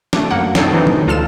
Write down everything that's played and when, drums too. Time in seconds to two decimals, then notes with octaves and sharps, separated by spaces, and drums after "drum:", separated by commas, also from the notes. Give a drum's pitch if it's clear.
0.13 A3 D4, drum: snare
0.31 F#2 A#3 F#5
0.55 B2 D#4 A4 C#5 G5 C7, drum: snare
0.73 E3 C4 D4 D#4
0.87 drum: tom D3
1.07 D2 F4 A4 F6 E7